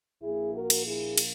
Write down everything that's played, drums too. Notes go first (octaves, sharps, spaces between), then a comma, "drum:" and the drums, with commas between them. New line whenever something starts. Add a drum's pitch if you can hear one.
A#1 A#2 A#3 E4 G#4
F#4 A#4
drum: cymbal
E4 G#4
drum: cymbal